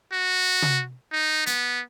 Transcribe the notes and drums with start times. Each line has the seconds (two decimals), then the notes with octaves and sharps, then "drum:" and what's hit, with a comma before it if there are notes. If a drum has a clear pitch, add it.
0.13 F#4
0.62 drum: tom C3
1.12 D#4
1.46 B3, drum: hi-hat